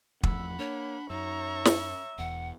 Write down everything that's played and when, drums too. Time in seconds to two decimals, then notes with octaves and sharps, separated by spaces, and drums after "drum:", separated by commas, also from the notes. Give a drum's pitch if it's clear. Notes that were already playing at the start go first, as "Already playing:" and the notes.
0.23 E2 F3 A3 F#5 B5 E6, drum: kick
0.59 A#3 D4 C#5
1.10 F#2 D#4 C#5 E5 A#5
1.65 drum: snare
2.18 E1 E2 F#5